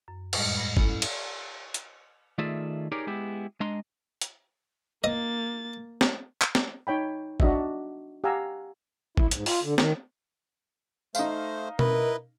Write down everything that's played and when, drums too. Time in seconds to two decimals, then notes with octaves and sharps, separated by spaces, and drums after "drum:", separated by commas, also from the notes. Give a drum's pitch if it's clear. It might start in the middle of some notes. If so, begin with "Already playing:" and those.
0.08 F#2
0.33 F2 A2 G3 G#3, drum: cymbal
0.57 G2 A#6
0.77 C#4 E4 A4 G#5 B5, drum: kick
1.02 drum: cymbal
1.74 drum: hi-hat
2.38 D#3 A3 F4 G#4 D5 E5
2.92 D#4 G4 G#4 A#4 C#5 D5
3.07 G#3 B3 E4 G4
3.60 G#3 D4 D#5 A#5 C6
4.21 drum: hi-hat
5.04 A#3 D#5 A6
6.01 drum: snare
6.42 drum: clap
6.55 drum: snare
6.87 D#4 C#5 G5 B5
7.40 D4 F#4 D#5 E5, drum: kick
8.24 G4 F5 F#5 G#5 A#5 E6
9.17 E4, drum: kick
9.31 G#2, drum: hi-hat
9.46 F4, drum: open hi-hat
9.63 D3
9.78 D#3, drum: snare
11.15 A3 D#4 C5 F5, drum: tambourine
11.79 E4 A#4 B4 D#5, drum: tom B2